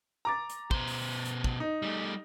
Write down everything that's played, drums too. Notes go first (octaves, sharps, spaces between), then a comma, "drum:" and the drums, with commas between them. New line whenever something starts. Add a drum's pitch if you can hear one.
A#5 D6 A6
drum: hi-hat
B2 C5, drum: kick
drum: open hi-hat
drum: hi-hat
drum: kick
D#4
G3 A3